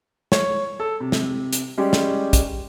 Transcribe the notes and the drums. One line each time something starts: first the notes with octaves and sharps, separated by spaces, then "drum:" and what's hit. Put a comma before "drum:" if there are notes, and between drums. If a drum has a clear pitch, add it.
C#5, drum: snare
A4
C3
drum: snare
drum: hi-hat
G3 G#3 C#4 G4
drum: snare
drum: kick A#1, hi-hat